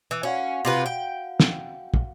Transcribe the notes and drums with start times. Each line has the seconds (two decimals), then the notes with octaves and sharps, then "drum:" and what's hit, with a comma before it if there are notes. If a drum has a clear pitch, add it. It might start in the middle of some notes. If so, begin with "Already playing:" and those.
0.11 E3
0.23 C#4 F#4 F5 F#5
0.65 C3 F4 B4
0.86 G5
1.40 drum: snare
1.94 drum: kick